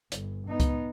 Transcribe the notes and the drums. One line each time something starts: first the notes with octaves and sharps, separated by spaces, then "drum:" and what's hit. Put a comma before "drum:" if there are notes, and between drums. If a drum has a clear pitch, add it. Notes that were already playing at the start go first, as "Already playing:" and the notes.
G1, drum: hi-hat
B3 D#4
drum: kick C#2, hi-hat